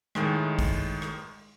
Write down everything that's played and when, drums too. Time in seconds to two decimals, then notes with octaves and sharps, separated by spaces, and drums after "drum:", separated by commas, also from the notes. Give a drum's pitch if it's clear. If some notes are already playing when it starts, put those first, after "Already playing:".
0.15 A2 D#3 G#3, drum: rim click
0.59 drum: kick, open hi-hat
1.02 drum: rim click